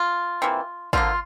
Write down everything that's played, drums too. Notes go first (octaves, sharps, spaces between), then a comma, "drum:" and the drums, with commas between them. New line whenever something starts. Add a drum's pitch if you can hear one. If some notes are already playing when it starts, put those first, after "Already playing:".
Already playing: F4
C3 E3 A#3
D3 F3 A#3 F4, drum: kick